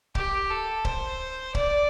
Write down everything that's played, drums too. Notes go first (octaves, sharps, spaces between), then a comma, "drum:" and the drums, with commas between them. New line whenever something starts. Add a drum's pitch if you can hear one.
G4, drum: kick C#1
A4
C5, drum: kick C#1
D5, drum: kick C#1